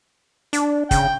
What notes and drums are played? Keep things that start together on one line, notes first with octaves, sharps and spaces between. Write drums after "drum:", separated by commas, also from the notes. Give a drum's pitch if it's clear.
D4, drum: hi-hat
C#3 G5, drum: kick, hi-hat